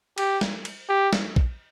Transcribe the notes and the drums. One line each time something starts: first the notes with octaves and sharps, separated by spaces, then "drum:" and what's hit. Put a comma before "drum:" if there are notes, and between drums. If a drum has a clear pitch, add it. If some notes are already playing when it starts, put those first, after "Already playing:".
G4, drum: cymbal
drum: snare
drum: cymbal
G4
drum: snare
drum: kick A#1